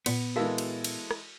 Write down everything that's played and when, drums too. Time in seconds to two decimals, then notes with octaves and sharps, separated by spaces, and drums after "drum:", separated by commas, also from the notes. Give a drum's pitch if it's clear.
0.06 A#2 B3, drum: cymbal
0.36 E3 G#3 F#4 A4 A#4 F5
0.58 drum: cymbal
0.84 drum: cymbal
1.11 drum: rim click